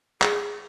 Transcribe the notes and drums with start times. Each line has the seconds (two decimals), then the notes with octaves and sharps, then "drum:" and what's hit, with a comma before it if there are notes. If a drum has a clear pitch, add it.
0.22 G#4, drum: clap